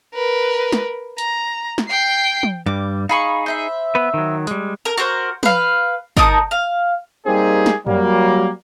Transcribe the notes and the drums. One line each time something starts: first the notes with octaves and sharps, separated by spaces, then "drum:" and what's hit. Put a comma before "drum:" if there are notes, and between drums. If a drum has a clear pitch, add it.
A#4 B4
drum: snare
A#5, drum: hi-hat
drum: snare
G5 C7
drum: tom
G2 G3 D6
D#4 G#4 F5 B5 C#6
C5 E5 B5
B3 B4
D#3 F#3
G3 G#3, drum: hi-hat
A#4
F#4 A#4 C5
B4 F5, drum: tom
D#4 A#4 A5 D#6, drum: kick
F5
G3 A#3 C4 D#4 G4 G#4
drum: snare
F#3 G3 A#3, drum: tom